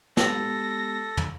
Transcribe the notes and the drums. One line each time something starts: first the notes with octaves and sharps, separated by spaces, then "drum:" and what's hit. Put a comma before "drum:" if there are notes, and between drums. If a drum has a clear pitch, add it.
G#3 B3 G4 A4 A#6, drum: snare
drum: tom